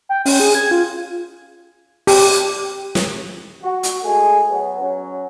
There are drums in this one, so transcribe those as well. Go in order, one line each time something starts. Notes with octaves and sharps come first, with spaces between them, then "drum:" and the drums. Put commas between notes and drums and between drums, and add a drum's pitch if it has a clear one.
G5
C#4, drum: open hi-hat
G#4
G#6
F4
G4, drum: open hi-hat
drum: snare
F#4
drum: hi-hat
G#3 A3 G#4
F#3 B3
F#3 C#4